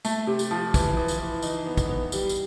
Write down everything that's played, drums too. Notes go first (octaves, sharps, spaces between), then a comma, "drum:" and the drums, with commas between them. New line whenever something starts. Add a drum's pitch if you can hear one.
A3, drum: tambourine
C3
drum: tambourine
F3
E3, drum: kick, tambourine
E3
drum: tambourine
E3
D#4, drum: tambourine
B3
drum: kick, tambourine
B3
G3, drum: tambourine
drum: tambourine